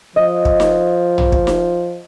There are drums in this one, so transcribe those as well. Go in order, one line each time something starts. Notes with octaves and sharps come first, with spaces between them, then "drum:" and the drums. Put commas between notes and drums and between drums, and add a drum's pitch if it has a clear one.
F3 D#5
drum: kick
drum: snare D#4
drum: tom
drum: kick
drum: snare D#4